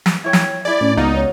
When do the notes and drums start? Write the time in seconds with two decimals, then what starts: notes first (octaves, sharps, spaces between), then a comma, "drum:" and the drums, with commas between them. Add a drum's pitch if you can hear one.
0.06 drum: snare
0.24 E4 C#5 G5
0.33 drum: snare
0.65 E4 G#4 D5
0.81 A2 C#4
0.97 C#2 B3 D#4 F#4 D5 F5
1.16 C#5